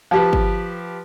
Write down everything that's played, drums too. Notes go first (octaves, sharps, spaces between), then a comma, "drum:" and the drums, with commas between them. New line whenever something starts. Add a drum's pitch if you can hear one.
F3 G4 B4
drum: kick